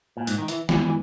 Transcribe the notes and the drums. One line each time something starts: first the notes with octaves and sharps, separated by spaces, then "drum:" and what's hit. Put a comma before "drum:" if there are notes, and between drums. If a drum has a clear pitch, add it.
A#2
G#2, drum: hi-hat
D#3
E3, drum: hi-hat
F#2 D#3 E3 G#3 B3, drum: snare
E3